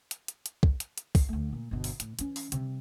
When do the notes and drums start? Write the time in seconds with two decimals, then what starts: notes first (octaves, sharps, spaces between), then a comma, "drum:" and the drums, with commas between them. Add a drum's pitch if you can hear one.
0.11 drum: hi-hat
0.28 drum: hi-hat
0.46 drum: hi-hat
0.63 drum: kick
0.80 drum: hi-hat
0.98 drum: hi-hat
1.15 drum: kick, open hi-hat
1.29 D2 A3
1.53 A#2
1.71 G1 B2
1.84 drum: open hi-hat
2.00 A2, drum: hi-hat
2.19 E3 C#4, drum: hi-hat
2.36 drum: open hi-hat
2.52 C3 G3, drum: hi-hat